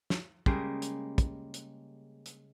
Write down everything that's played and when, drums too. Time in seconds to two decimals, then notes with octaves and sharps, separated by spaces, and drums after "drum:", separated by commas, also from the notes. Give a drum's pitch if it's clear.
0.10 drum: snare
0.46 C#3 G3 G#3 A#3, drum: kick
0.82 drum: hi-hat
1.18 drum: kick, hi-hat
1.54 drum: hi-hat
2.26 drum: hi-hat